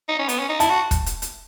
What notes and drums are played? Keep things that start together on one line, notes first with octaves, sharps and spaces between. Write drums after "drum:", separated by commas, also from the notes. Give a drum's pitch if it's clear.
D#4
C#4
B3, drum: hi-hat
C#4
D#4
E4 A5, drum: hi-hat
F#4
drum: kick, hi-hat
drum: hi-hat
drum: hi-hat